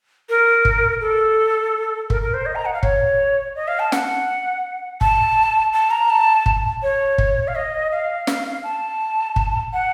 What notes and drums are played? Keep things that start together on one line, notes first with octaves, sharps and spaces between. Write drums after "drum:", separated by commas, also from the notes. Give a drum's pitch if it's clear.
A#4
drum: kick
A4
A#4, drum: kick
A#4
C5
D#5
A#5
F#5
F5
C#5, drum: kick
D#5
F5
A5
F#5, drum: snare
A5, drum: kick
A5
A#5
A5
drum: kick
C#5
drum: kick
F5
D#5
F5
drum: snare
A5
drum: kick
F#5